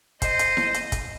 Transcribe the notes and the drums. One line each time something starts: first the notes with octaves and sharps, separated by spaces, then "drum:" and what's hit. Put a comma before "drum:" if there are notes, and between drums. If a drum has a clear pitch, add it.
C5 D#5, drum: kick, hi-hat
drum: hi-hat
drum: snare E4
drum: hi-hat
drum: kick, hi-hat